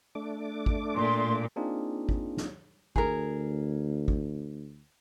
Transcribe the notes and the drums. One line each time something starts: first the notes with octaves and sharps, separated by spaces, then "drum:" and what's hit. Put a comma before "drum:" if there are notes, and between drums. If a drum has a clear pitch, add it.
A3 D4 D6
drum: kick G#1
A#2 C6
A#3 C4 D4 D#4 F4 G#4
drum: kick G#1
drum: snare
D2 G#4 A#4, drum: kick G#1
drum: kick G#1